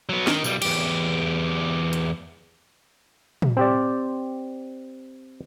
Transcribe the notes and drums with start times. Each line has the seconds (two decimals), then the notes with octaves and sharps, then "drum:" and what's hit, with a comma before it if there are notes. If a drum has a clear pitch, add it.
0.09 F#3 B3
0.27 D#3, drum: snare
0.44 B1 G3, drum: tambourine
0.62 E2 G4, drum: cymbal
1.93 drum: hi-hat
3.42 drum: tom
3.57 C4 G4 D5